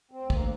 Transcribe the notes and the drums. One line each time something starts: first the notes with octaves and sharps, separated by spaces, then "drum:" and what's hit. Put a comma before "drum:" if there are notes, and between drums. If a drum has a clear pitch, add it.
C4
D2
A#3, drum: kick